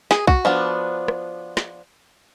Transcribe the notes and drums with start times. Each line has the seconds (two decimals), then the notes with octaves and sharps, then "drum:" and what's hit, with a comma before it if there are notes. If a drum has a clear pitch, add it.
0.11 G#4, drum: snare
0.27 F#4, drum: kick B1
0.45 F3 B3 D4
1.08 drum: rim click
1.57 drum: snare